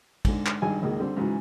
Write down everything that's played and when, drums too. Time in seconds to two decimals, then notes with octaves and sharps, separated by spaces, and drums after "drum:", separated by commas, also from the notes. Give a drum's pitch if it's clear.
0.25 G#2 D3, drum: kick, cymbal
0.46 drum: clap
0.62 G#1 G2 G#4 G#5
0.82 G#1 C#2 A#3 G#4
1.00 D3 G3 C4
1.17 G#2 C#3 E3 F#3